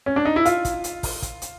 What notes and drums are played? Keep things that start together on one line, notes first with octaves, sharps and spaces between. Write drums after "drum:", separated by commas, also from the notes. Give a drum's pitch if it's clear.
C#4
D4
D#4
E4
F4, drum: hi-hat
drum: kick, hi-hat
drum: hi-hat
drum: kick, open hi-hat
drum: kick, hi-hat
drum: hi-hat